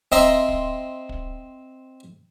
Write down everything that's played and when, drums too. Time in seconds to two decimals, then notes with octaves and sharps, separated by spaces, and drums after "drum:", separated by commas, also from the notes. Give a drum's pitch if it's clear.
0.12 C4 D#5 E5 A#5 C6, drum: kick
0.49 drum: kick
1.09 drum: kick